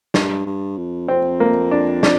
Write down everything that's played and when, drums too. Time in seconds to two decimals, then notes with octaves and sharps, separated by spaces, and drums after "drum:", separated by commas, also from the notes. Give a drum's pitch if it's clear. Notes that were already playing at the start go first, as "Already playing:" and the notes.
0.14 G2, drum: snare
0.46 G2
0.77 F2
1.08 C4
1.40 A#3
1.71 D4
2.03 D4, drum: snare